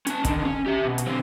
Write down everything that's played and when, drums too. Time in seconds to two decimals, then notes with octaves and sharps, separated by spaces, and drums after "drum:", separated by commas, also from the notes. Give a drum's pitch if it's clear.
0.07 C#4 A5, drum: hi-hat
0.25 D3 D#3, drum: kick, hi-hat
0.45 C#4
0.67 G4 E5
0.85 B2
0.98 drum: hi-hat
1.07 D3 C4